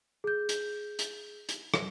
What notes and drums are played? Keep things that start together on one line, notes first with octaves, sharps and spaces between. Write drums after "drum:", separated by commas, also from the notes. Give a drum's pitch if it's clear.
G#4 G6
drum: hi-hat
drum: hi-hat
drum: hi-hat
drum: rim click